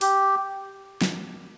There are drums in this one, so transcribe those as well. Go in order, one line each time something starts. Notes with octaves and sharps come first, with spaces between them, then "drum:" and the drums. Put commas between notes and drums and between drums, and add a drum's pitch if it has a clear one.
G4, drum: open hi-hat
drum: snare